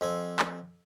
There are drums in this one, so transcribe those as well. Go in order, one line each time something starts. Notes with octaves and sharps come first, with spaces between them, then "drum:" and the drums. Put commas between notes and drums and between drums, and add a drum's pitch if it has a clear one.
F2 C4 G#5
drum: clap